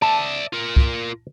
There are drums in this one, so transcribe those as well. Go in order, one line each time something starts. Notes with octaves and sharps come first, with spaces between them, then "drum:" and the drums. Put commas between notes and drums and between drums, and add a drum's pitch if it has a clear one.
D5 E5 A5
F4 A#4
drum: kick